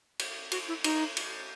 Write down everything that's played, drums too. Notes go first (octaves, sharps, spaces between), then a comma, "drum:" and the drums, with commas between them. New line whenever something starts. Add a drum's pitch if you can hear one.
drum: cymbal
F#4, drum: cymbal
E4
D#4, drum: cymbal
drum: cymbal